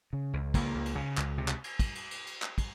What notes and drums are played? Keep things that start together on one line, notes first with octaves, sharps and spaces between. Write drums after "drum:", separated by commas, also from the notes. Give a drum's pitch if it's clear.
C#3
C#2
C#2 A#3, drum: kick, cymbal
C#2
drum: cymbal
C#3
C#2, drum: clap
C3
drum: clap
drum: cymbal
drum: kick, cymbal
drum: cymbal
drum: cymbal
drum: cymbal
drum: clap
drum: kick, cymbal